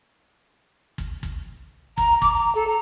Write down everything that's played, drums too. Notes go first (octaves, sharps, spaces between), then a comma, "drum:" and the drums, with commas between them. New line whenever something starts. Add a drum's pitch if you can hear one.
drum: kick
drum: kick
A#5, drum: kick
D6, drum: kick
A#5
A4
A#5